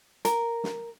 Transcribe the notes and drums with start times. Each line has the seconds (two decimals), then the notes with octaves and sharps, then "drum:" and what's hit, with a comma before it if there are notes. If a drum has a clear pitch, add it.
0.25 A#4, drum: hi-hat
0.64 drum: snare